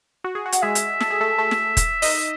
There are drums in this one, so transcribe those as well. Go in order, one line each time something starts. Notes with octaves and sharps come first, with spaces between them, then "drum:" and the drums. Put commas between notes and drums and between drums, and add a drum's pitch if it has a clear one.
F#4
G#4
F#4
F#5, drum: hi-hat
G#3 G#4 E5
drum: hi-hat
A4, drum: snare
G#4
A3 A4
A3 A4
drum: snare
drum: kick, hi-hat
D#4 D#5, drum: open hi-hat